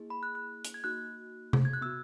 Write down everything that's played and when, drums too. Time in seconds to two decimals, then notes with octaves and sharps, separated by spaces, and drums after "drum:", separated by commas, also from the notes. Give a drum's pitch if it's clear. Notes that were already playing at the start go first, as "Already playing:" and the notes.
Already playing: A#3 E4 G#4
0.10 B5
0.23 F#6
0.35 F#6
0.65 drum: hi-hat
0.74 G#6
0.84 A#3 D#4 F#4 F#6
1.53 drum: tom C3
1.65 G#6
1.73 F#6
1.81 B3 F#4 E6